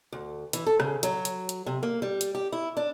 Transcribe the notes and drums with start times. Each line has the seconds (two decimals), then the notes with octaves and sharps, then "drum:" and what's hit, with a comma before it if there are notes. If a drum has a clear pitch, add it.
0.12 D2
0.53 E3, drum: hi-hat
0.66 A4
0.80 C#3, drum: rim click
1.03 F#3, drum: hi-hat
1.25 drum: hi-hat
1.49 drum: hi-hat
1.66 C3
1.83 A#3
2.02 G3
2.21 drum: hi-hat
2.35 G4
2.52 E4
2.77 D4